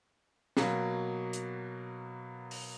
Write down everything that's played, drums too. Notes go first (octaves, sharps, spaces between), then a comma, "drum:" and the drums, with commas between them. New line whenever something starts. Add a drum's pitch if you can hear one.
B2 F#3 A#3, drum: snare
drum: hi-hat
drum: open hi-hat